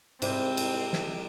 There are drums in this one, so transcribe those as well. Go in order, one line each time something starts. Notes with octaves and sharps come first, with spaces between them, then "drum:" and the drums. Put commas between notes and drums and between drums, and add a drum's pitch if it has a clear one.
G#2 C3 G3 C4, drum: cymbal
drum: cymbal
drum: snare